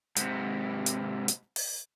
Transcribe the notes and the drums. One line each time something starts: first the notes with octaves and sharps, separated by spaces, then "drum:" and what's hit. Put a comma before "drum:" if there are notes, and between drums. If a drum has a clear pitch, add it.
G#2 C3, drum: hi-hat
drum: hi-hat
drum: hi-hat
drum: open hi-hat